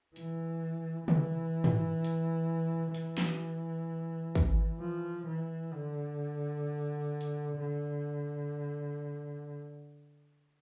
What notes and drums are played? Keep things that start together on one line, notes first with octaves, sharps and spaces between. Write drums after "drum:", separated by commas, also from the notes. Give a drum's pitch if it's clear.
E3, drum: hi-hat
E3, drum: tom
drum: tom
drum: hi-hat
E3, drum: hi-hat
drum: snare
drum: kick
F3
E3
D3
drum: hi-hat
D3